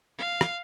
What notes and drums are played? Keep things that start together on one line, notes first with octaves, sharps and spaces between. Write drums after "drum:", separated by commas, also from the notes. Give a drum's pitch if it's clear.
F5
drum: rim click